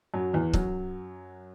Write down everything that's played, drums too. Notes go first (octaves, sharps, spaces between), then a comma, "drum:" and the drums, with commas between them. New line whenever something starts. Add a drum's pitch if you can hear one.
F#2 F#3
E2 E3
F#2 F#3, drum: kick